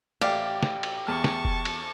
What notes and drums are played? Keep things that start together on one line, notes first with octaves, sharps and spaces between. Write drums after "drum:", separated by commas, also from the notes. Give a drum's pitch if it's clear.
A1 G4 D5 F5 G5, drum: cymbal
drum: snare
drum: cymbal
E2 A5 C#6 F6
drum: snare
drum: kick F1
drum: cymbal